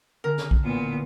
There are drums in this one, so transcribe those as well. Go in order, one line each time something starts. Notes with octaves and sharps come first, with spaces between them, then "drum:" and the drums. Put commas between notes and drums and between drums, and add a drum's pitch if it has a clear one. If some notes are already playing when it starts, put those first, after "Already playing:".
D3 G#4 A#4
drum: snare
drum: kick
A1 D2 A#2 B3